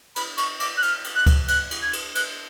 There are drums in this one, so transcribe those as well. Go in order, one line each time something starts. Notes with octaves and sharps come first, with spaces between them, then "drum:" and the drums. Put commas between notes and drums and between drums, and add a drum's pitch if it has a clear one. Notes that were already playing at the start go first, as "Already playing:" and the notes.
B5, drum: cymbal
C#6, drum: cymbal
D6, drum: cymbal
F#6
F6, drum: cymbal
drum: cymbal
F#6
drum: kick C#2, cymbal
F#6, drum: cymbal
drum: cymbal
G#6
drum: cymbal
F#6, drum: cymbal